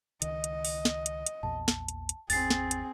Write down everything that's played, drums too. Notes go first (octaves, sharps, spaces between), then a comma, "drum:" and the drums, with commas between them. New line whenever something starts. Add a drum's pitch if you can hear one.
C#2 D#3 D#5, drum: hi-hat
drum: hi-hat
drum: open hi-hat
drum: snare
drum: hi-hat
drum: hi-hat
A#1 E2 A#2 A5
drum: snare
drum: hi-hat
drum: hi-hat
G#1 E2 C4 G#4 A6 C7, drum: open hi-hat
drum: snare
drum: hi-hat